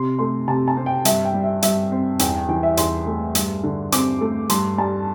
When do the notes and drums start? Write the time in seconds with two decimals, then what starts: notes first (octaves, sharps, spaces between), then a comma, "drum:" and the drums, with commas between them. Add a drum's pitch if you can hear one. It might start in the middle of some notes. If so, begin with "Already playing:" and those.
Already playing: C3 C6
0.19 A3 C6
0.48 C3 A5
0.68 A5
0.77 C4
0.86 G5
1.05 G2 E5, drum: hi-hat
1.25 G5
1.34 G3
1.43 E5
1.62 G2 E5, drum: hi-hat
1.92 C4
2.19 E2 G5, drum: hi-hat
2.34 G5
2.49 E3 G5
2.63 E5
2.77 E2 C6, drum: hi-hat
3.07 A3
3.35 G2, drum: hi-hat
3.64 D3
3.92 C4 D6, drum: hi-hat
4.21 A3
4.49 G2 C6, drum: hi-hat
4.78 G3 A5